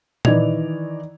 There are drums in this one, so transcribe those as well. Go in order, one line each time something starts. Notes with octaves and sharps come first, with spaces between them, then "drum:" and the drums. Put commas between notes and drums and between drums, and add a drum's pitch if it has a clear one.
D#3 E3 D5 D#5 G#6 F7, drum: tom A#2